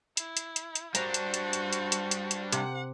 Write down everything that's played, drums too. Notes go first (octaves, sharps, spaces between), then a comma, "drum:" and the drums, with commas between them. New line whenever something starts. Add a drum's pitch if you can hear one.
E4, drum: hi-hat
drum: hi-hat
drum: hi-hat
drum: hi-hat
G3 D4 F#4 C5 A#5, drum: hi-hat
drum: hi-hat
drum: hi-hat
drum: hi-hat
drum: hi-hat
drum: hi-hat
drum: hi-hat
drum: hi-hat
C3 F#5, drum: hi-hat